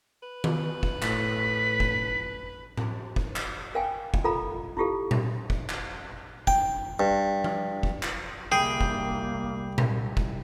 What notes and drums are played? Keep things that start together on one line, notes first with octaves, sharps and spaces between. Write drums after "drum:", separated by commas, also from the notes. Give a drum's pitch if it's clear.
B4
drum: tom D#3
drum: kick
A2 B6, drum: clap
drum: kick
drum: tom A2
drum: kick
drum: clap
A#4 F5 G5 G#5
drum: kick
F4 A4 A#4 F5 A#5 B5
E4 F4 G4 A4 F5
drum: tom A#2
drum: kick
drum: clap
G5, drum: kick
G2
drum: tom F3
drum: kick
drum: clap
C2 A#3 G#4 G5
drum: kick
drum: tom A#2
drum: kick